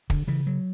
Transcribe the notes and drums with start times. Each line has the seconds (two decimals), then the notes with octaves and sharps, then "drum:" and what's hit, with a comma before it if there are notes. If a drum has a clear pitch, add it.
0.10 D3, drum: kick
0.27 C#3 E3
0.47 F#3